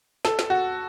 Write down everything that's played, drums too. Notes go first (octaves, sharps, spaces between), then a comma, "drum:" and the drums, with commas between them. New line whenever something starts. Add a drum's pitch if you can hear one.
A4, drum: snare
drum: snare
F#4